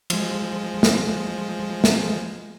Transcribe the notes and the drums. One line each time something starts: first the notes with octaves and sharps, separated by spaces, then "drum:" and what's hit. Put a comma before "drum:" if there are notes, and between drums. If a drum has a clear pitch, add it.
F3 G#3, drum: cymbal
drum: snare
drum: snare